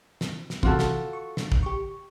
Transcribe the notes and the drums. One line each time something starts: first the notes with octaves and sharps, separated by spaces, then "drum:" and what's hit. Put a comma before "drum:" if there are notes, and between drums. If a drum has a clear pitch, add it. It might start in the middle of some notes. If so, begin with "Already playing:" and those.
drum: snare
drum: snare
C3 E3 C4 F4 F#4 A4, drum: kick
drum: snare
C#6
D3, drum: snare
drum: kick
G4 C#6